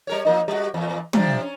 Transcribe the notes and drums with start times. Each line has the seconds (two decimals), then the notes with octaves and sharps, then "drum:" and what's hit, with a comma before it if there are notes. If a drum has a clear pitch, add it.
0.07 G3 A#4 C#5
0.25 F3 A#3 D#4
0.48 G3 F#4
0.74 E2 A#2
1.13 C3 F3 D4, drum: tom
1.42 C#4